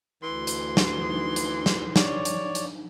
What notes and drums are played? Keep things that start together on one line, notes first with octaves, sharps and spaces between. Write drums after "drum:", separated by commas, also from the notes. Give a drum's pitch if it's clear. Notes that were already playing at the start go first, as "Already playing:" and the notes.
D2 E3 C6
drum: hi-hat
drum: snare
D4 D#4
drum: hi-hat
drum: snare
C#5 D5, drum: snare
drum: hi-hat
drum: hi-hat